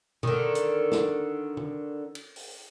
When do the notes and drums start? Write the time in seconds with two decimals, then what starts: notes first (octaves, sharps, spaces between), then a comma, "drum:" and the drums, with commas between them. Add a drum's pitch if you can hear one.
0.23 D3 D#3, drum: tom B2
0.55 drum: hi-hat
0.92 drum: snare
1.57 drum: tom
2.15 drum: cymbal
2.36 drum: open hi-hat